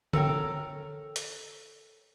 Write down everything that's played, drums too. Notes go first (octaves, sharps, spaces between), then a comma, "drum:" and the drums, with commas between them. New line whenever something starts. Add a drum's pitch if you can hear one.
A4 A#4 C#5 F5 G5, drum: tom D3
drum: hi-hat